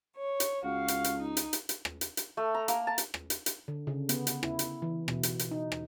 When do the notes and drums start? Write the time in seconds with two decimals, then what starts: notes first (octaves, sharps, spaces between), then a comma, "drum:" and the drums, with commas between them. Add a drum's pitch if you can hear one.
0.17 C#5
0.40 drum: hi-hat
0.64 C#2 F#4 F5
0.88 drum: hi-hat
1.04 drum: hi-hat
1.17 D#4
1.37 drum: hi-hat
1.53 drum: hi-hat
1.69 drum: hi-hat
1.85 drum: rim click
2.01 drum: hi-hat
2.17 drum: hi-hat
2.37 A3
2.54 A#5
2.68 A#3, drum: hi-hat
2.87 A5
2.98 drum: hi-hat
3.14 drum: rim click
3.30 drum: hi-hat
3.46 drum: hi-hat
3.68 D3
3.87 C#3
4.09 B3, drum: hi-hat
4.27 drum: hi-hat
4.43 E4, drum: rim click
4.59 drum: hi-hat
4.82 E3
5.08 B2, drum: rim click
5.23 drum: hi-hat
5.39 drum: hi-hat
5.51 D#4
5.72 drum: rim click